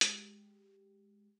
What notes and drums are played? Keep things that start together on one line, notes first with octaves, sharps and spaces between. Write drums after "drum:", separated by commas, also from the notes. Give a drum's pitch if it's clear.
G#3 G4, drum: hi-hat